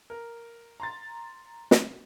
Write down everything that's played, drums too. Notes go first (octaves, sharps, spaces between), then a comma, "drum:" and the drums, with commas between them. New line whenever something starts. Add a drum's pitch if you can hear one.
A#4
A#5 C6 A6
drum: snare